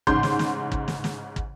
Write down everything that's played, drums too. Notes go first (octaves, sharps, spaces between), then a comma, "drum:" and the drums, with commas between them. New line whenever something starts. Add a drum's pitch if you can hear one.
A1 G#2 C#3 C6 G6, drum: kick
drum: snare
drum: snare
drum: kick
drum: snare
drum: snare
drum: kick